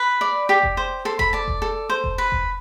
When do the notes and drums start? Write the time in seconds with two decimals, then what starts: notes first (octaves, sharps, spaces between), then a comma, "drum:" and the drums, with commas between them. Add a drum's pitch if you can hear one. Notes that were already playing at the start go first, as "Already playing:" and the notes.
Already playing: B4
0.21 D5
0.49 G4
0.63 drum: kick F1
0.77 C5
1.05 A4 C6
1.19 B5, drum: kick F1
1.33 D5 A5
1.48 drum: kick F1
1.62 A4
1.90 C5
2.04 drum: kick F1
2.18 B4
2.32 drum: kick F1